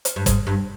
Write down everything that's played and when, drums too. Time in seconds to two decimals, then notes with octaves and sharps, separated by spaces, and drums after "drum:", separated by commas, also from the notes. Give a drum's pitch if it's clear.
0.05 drum: hi-hat
0.16 G2
0.26 G#2, drum: kick, hi-hat
0.47 G2